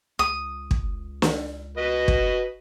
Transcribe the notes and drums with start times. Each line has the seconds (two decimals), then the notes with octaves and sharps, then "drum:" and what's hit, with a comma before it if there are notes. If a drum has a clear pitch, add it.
0.19 C#2 D#6
0.71 drum: kick
1.22 drum: snare
1.77 F#4 B4 D#5
2.08 drum: kick